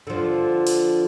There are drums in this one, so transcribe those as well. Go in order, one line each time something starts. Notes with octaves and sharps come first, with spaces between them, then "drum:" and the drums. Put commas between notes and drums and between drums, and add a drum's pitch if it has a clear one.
D3 F3
drum: open hi-hat